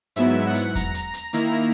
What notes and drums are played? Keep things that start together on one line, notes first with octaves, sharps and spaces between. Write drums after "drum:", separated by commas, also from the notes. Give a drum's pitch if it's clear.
G#2 F#3 B3 E4 E5, drum: hi-hat
F#5
drum: hi-hat
A#5, drum: kick E2, hi-hat
drum: hi-hat
drum: hi-hat
D#3 A#3 E4 A#5, drum: hi-hat